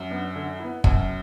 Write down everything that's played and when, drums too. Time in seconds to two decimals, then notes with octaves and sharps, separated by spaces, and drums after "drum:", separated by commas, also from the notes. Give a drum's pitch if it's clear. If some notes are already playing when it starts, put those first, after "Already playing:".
Already playing: F#2
0.11 B3 D4
0.36 D3
0.60 B3 E4
0.84 F#2 B2, drum: kick